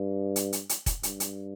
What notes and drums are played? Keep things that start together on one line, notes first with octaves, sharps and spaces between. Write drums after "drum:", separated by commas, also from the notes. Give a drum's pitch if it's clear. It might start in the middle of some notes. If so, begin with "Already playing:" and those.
Already playing: G2
drum: hi-hat
drum: hi-hat
drum: hi-hat
drum: kick, hi-hat
G2, drum: hi-hat
drum: hi-hat